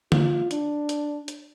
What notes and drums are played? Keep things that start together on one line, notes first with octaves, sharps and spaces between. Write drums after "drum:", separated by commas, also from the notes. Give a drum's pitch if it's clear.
F4, drum: tom D3
D4, drum: hi-hat
drum: hi-hat
drum: hi-hat